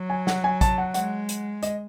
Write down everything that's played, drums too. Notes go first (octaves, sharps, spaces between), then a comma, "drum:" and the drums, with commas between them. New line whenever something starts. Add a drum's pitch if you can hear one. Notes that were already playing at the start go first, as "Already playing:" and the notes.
Already playing: F#3
G#5
F#5, drum: snare
G#5
A5, drum: kick, hi-hat
F#5
G#3 F#5, drum: hi-hat
drum: hi-hat
D#5, drum: hi-hat